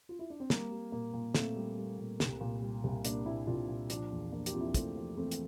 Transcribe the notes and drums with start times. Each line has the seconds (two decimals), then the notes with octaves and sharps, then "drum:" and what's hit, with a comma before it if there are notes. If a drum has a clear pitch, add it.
0.09 F4
0.19 E4
0.30 D4
0.40 C4
0.50 G3 A#3, drum: snare
0.71 G3
0.92 A#2 A#3
1.13 A#2
1.34 A#2 A3 C4, drum: snare
1.56 G3
1.78 G3
1.98 A#2
2.20 C2, drum: snare
2.41 A#2
2.62 G3
2.84 C2
3.05 A#2 A#3 D4, drum: hi-hat
3.26 A#2 C4 E4
3.47 C2 D4 F4
3.68 A#2
3.90 F3 D4 F4, drum: hi-hat
4.12 E2
4.32 F3 A#3 D4
4.46 G4, drum: hi-hat
4.53 C3 F4
4.61 E4
4.68 D4
4.74 C3 A3 C4, drum: kick, hi-hat
4.96 F3
5.17 E2 A3 C4
5.31 drum: hi-hat